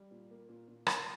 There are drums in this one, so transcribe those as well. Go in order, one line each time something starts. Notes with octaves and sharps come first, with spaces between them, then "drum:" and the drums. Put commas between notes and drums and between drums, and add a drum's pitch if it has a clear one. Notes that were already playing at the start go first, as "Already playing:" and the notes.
Already playing: G3
A#2
A#3
A#2
A#2
A#3, drum: rim click